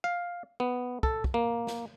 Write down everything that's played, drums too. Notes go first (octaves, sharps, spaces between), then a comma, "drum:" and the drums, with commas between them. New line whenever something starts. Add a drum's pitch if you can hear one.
F5
B3
A4, drum: kick
drum: kick
A#3
drum: snare